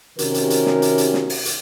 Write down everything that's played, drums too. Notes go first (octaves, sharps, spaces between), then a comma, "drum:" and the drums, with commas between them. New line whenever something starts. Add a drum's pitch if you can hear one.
C3 D#3 C#4 F#4 G4 A#4, drum: hi-hat
drum: hi-hat
drum: hi-hat
drum: snare
drum: hi-hat
drum: hi-hat
drum: snare
drum: open hi-hat
drum: hi-hat